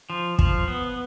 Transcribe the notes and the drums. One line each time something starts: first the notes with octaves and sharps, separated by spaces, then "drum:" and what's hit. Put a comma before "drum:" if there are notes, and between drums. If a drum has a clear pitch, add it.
F3
F3, drum: kick
B3